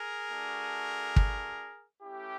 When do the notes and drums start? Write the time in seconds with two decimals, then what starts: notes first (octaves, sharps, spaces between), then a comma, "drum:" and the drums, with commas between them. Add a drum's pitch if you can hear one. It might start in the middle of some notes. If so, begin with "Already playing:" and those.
Already playing: G#4 A#4
0.29 A3 D4 F#4
1.16 drum: kick
2.03 A3 C#4 E4 G4